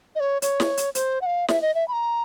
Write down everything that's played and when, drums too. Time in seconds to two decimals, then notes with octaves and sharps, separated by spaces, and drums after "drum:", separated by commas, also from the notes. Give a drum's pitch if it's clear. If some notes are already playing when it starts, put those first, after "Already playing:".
0.15 D#5
0.20 C#5
0.42 C#5, drum: hi-hat
0.60 drum: snare
0.77 drum: hi-hat
0.95 C5, drum: hi-hat
1.22 F#5
1.26 F5
1.48 E5, drum: snare
1.62 D#5
1.75 E5
1.88 B5
1.93 A#5